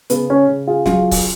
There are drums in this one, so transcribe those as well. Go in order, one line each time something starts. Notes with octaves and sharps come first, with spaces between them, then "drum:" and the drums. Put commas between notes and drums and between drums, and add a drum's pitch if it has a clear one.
C#3 B3, drum: hi-hat
C#4
C#3
F4 G#4
F#3 F4 G#4, drum: snare
drum: kick C#1, open hi-hat